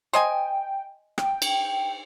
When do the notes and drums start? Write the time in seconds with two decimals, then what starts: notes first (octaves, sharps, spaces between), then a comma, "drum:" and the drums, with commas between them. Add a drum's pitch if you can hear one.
0.13 C5 D#5 G5 G#5
1.18 G5, drum: rim click
1.42 drum: cymbal